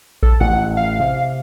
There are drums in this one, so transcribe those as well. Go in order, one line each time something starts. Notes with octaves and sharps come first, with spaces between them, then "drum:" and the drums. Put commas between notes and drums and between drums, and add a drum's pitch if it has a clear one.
A4, drum: kick A1
A1 F#5
F5
C3